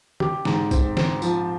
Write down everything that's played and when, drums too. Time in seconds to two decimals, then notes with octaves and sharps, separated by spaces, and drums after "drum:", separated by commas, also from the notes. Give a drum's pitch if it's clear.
0.20 G4, drum: tom D#3
0.45 G#2, drum: snare
0.71 C4, drum: kick A1, tambourine
0.97 C4, drum: snare
1.22 F3, drum: tambourine